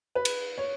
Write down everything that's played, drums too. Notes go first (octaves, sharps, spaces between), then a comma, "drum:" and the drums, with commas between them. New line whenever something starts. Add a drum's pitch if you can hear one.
B4
drum: cymbal
C#5